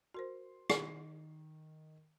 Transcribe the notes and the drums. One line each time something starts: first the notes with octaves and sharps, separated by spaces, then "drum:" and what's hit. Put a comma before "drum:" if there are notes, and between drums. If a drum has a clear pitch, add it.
F#4 A#4 C5 C6
D#3, drum: rim click